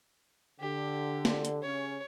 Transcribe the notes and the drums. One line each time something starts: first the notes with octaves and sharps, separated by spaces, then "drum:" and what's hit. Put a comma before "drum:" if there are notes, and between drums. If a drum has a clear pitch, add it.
D3 G4
drum: snare
drum: hi-hat
C#3 C#4 C#5